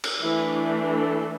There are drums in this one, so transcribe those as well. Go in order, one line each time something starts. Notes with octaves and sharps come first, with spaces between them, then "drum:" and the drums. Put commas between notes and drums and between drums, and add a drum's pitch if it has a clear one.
drum: cymbal
E3 A3 D4 E4
A4